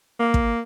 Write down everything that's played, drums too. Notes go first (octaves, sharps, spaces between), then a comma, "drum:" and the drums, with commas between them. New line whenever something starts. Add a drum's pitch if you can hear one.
A#3
drum: kick